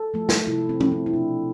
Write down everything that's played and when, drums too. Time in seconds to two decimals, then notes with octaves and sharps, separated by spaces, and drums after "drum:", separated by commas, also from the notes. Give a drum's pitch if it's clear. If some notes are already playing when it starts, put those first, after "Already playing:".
Already playing: A4
0.14 F3 A3
0.29 drum: snare
0.47 C3 E4
0.69 C4
0.80 F3 A3, drum: tom
0.92 C4
1.06 E4
1.14 B2 D4